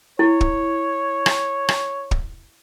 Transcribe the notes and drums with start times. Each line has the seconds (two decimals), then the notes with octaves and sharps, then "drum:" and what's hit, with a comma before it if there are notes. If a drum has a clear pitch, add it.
0.19 E4 C#5
0.41 drum: kick
1.26 drum: rim click
1.69 drum: rim click
2.11 drum: kick